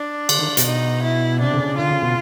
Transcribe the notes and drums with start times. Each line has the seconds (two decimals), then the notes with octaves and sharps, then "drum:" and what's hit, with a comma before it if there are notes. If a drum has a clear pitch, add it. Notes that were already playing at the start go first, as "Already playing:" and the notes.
Already playing: D4
0.29 D3, drum: cymbal
0.39 D#3
0.57 B2, drum: hi-hat
0.66 D#4
1.03 E4
1.40 C3 D4
1.54 D3
1.59 C#3
1.77 D3 F4
1.91 C#3
2.02 B2